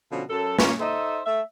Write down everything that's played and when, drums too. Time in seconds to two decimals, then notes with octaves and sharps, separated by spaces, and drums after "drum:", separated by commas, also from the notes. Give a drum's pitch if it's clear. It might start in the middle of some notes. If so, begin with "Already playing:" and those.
0.12 B2 D3 F3 B3 C#4
0.29 F#2 A4
0.59 A#3 C#4, drum: snare
0.80 D#4 A4 C5 D#5 E5
1.26 A3 E5